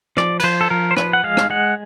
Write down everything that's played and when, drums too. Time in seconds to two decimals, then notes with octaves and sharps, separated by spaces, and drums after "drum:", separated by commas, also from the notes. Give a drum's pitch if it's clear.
0.17 F3 D5, drum: rim click
0.40 B4, drum: cymbal
0.43 F3 C5
0.61 A4
0.70 F3 A#4
0.91 C5
0.97 F3 B4, drum: rim click
1.13 F#5
1.23 G#3 F5
1.37 drum: rim click
1.50 G#3 F#5